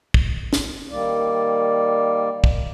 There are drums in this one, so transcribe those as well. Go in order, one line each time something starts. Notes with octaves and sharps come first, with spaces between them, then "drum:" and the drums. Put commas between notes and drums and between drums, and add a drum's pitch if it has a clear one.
drum: kick
drum: snare
D#3 G3 A#3 D5
drum: kick